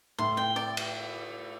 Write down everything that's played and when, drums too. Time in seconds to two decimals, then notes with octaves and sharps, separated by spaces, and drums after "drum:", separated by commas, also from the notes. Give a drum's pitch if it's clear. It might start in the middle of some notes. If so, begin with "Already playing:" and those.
0.19 A2 C6
0.37 G5
0.56 D5
0.77 drum: cymbal